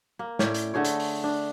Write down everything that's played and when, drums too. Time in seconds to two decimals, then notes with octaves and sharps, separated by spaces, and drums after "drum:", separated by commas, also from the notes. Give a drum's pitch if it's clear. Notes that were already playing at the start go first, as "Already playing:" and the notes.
0.19 A#3
0.39 A2 C#4 D5, drum: snare
0.54 drum: hi-hat
0.74 D3 A3 G#4 C#5
0.85 drum: hi-hat
1.00 drum: open hi-hat
1.24 D4